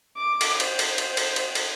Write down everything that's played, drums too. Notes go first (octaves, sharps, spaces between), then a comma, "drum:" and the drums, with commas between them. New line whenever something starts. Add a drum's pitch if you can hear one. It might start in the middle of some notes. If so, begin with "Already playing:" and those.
D6
drum: cymbal
C5, drum: cymbal
drum: cymbal
drum: cymbal
drum: cymbal
drum: cymbal
drum: cymbal